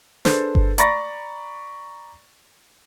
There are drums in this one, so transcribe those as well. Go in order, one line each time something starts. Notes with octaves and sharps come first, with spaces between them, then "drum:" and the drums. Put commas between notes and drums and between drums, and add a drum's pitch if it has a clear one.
D4 G#4 A4 B4 C5, drum: snare
drum: kick G1
D5 A#5 B5 C#6 A6 A#6, drum: hi-hat